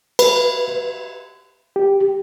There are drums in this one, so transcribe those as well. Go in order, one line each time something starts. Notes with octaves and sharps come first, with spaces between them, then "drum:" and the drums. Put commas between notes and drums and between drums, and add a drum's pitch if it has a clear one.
B4, drum: cymbal
G4